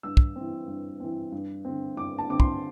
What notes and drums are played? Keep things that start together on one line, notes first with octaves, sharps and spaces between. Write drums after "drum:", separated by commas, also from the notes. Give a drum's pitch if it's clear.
G2 E6
drum: kick
E3 C4
G2
E3 C4
G2
D3 C4
G2 D6
A5
D3 C4 D6
C6, drum: kick